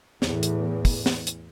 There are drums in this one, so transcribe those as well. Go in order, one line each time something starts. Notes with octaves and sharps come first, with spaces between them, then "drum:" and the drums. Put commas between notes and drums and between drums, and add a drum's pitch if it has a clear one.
E2 A2 E3, drum: snare
drum: hi-hat
drum: kick, open hi-hat
drum: snare
drum: hi-hat